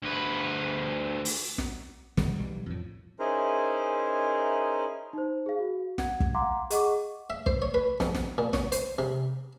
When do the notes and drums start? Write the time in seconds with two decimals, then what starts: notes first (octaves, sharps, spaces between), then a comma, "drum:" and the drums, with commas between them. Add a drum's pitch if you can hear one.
0.03 D2 B4
1.25 drum: open hi-hat
1.58 drum: snare
2.17 F#2 E3 G3 G#3, drum: snare
2.36 B1 E3 G3
2.66 F2 A2
3.19 C#4 D#4 E4 G#4 A#4 C5
5.13 D#4 C5
5.46 G#4 F5
5.59 F#4
5.98 F#5 G#6, drum: snare
6.20 drum: kick
6.34 F5 F#5 A#5 C6 D6
6.70 G#4 D#5 F#5 C#6 D6, drum: hi-hat
7.30 E5
7.46 C5, drum: kick
7.62 C#5
7.74 B4
8.00 F2, drum: snare
8.15 drum: snare
8.38 A#2
8.53 C#5, drum: snare
8.72 C5, drum: hi-hat
8.99 C3